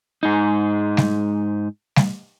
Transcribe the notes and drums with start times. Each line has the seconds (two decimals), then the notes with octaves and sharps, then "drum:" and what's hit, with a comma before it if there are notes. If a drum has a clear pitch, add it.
0.23 G#2 D#4
0.97 drum: snare G3
1.96 drum: snare G3